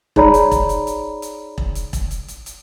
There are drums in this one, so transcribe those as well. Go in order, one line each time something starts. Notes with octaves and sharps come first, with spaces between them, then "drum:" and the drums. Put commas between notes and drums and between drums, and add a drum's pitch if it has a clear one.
D#4 G#4 C#5 D5 A#5 B5, drum: kick E1
drum: hi-hat
drum: kick E1, hi-hat
drum: hi-hat
drum: hi-hat
drum: hi-hat
drum: kick E1
drum: hi-hat
drum: kick E1, hi-hat
drum: hi-hat
drum: hi-hat
drum: hi-hat